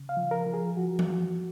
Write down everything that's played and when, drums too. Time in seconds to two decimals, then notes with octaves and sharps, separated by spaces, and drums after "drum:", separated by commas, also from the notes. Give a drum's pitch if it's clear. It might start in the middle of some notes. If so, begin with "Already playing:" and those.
Already playing: C#3
0.09 F5
0.17 F3
0.31 A#4
0.46 F3
0.54 G#4
0.77 F3 F#4
0.99 drum: tom E3